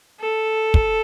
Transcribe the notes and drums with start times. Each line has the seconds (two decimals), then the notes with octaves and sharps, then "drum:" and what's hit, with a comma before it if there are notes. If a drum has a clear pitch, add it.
0.20 A4
0.74 drum: kick